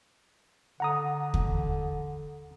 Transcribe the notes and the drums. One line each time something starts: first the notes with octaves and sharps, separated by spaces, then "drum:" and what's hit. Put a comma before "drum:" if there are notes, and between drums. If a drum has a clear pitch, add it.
D3 F#5 A#5 D#6
drum: kick